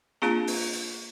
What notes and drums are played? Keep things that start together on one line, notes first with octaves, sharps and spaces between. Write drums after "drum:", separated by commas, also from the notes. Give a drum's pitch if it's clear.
A#3 C4 D4 F4 G#4 A#5, drum: snare
drum: open hi-hat
drum: hi-hat